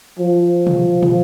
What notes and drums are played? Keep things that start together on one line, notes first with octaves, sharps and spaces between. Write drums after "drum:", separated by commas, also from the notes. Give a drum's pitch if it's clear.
F3
drum: tom
drum: tom